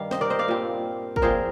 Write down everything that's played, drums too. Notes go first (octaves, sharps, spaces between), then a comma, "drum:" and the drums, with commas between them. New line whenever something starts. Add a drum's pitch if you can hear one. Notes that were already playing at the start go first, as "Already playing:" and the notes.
Already playing: G2 D#3 G3 F5
C5 D#5, drum: snare
A#4 D5
C5 D#5
D5 F5
A#2 G3 C4
A#4, drum: kick
A#2 F3 C4 G#4 C5